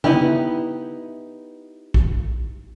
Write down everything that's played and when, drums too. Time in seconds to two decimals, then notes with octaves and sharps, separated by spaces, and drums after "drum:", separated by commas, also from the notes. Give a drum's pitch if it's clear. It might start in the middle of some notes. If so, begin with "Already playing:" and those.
0.04 B3 D#4 E4 G4, drum: tom C#3
1.94 drum: kick